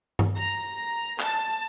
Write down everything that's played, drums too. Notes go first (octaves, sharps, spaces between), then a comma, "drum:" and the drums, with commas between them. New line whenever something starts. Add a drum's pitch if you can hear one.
drum: tom G2
A#5
A5, drum: clap